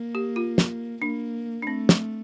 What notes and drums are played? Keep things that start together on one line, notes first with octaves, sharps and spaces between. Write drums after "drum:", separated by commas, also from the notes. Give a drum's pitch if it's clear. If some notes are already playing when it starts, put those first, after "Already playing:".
Already playing: A#3
G4
F4
drum: snare
A#3 D4
D4
A3 C4
drum: snare